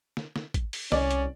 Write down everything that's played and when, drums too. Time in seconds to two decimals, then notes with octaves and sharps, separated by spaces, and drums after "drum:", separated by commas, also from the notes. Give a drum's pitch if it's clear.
0.17 drum: snare
0.36 drum: snare
0.54 drum: kick, hi-hat
0.73 drum: open hi-hat
0.92 C2 C#4 D5, drum: snare
1.11 drum: hi-hat